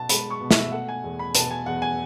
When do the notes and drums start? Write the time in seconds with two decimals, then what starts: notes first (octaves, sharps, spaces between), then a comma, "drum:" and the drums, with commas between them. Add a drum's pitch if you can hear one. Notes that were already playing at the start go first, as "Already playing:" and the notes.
Already playing: B2 B3 A5
0.09 G#3 B5, drum: hi-hat
0.30 C#6
0.41 B2
0.51 E5, drum: snare
0.72 A3 F#5
0.88 G#5
1.04 E2
1.19 B5
1.35 B2 A5, drum: hi-hat
1.51 G#5
1.66 E2 F#5
1.82 G#5